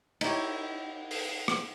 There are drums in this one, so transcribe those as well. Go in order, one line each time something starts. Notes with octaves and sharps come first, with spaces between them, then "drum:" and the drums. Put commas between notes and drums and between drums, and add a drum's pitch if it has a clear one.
D#4 E4 G4 C#5, drum: cymbal
drum: open hi-hat
drum: rim click